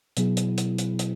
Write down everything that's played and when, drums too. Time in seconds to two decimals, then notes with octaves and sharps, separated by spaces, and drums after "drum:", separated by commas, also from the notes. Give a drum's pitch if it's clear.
0.17 B2 F#3 B3 E4 G#4, drum: hi-hat
0.37 drum: hi-hat
0.58 drum: hi-hat
0.78 drum: hi-hat
0.99 drum: hi-hat